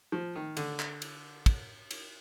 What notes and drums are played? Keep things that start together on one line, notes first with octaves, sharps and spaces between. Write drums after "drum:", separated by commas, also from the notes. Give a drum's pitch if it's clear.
F3
D#3
D3, drum: cymbal
drum: clap
drum: cymbal
drum: kick, cymbal
drum: cymbal